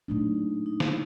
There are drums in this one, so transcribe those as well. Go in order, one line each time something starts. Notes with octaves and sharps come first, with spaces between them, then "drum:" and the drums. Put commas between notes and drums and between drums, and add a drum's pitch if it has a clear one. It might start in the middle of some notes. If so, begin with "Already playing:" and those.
A#2 F#3 A3 D4 D#4
D#4
E4, drum: snare